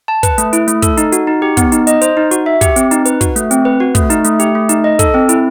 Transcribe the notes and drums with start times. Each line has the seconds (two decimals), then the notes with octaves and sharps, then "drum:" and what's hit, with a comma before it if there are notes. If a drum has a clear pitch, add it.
0.08 A5
0.23 B4, drum: kick, hi-hat
0.38 A3, drum: hi-hat
0.53 E4, drum: hi-hat
0.68 A3, drum: hi-hat
0.82 A4, drum: kick, hi-hat
0.97 D#4, drum: hi-hat
1.12 F#4, drum: hi-hat
1.27 D#4
1.42 G4
1.57 B3, drum: kick, hi-hat
1.72 D#4, drum: hi-hat
1.87 D#5, drum: hi-hat
2.01 C5, drum: hi-hat
2.17 D#4
2.31 F#4, drum: hi-hat
2.46 E5
2.61 G4, drum: kick, hi-hat
2.76 C4, drum: hi-hat
2.91 D#4, drum: hi-hat
3.05 B4, drum: hi-hat
3.21 F#4, drum: kick, hi-hat
3.36 A3, drum: hi-hat
3.51 C4, drum: hi-hat
3.65 B4
3.80 F#4
3.95 A3, drum: kick, hi-hat
4.10 D#4, drum: hi-hat
4.24 A3, drum: hi-hat
4.40 G4, drum: hi-hat
4.55 A3
4.69 D#4, drum: hi-hat
4.84 D#5
4.99 A4, drum: kick, hi-hat
5.14 C4
5.29 E4, drum: hi-hat